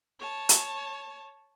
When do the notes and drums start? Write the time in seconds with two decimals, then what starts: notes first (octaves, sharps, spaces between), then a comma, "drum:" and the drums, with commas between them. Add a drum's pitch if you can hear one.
0.19 C#5 A5
0.49 drum: hi-hat